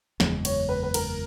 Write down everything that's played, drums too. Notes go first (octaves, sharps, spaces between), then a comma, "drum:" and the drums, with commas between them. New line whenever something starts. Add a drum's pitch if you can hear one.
F#1 E2 B2 G#3, drum: snare
C#5, drum: cymbal
B4
B4
A#4, drum: cymbal